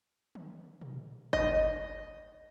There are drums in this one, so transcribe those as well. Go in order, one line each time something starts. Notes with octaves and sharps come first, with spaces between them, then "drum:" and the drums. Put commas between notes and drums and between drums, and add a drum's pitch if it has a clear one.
drum: tom
drum: tom A#2
D#5, drum: kick G1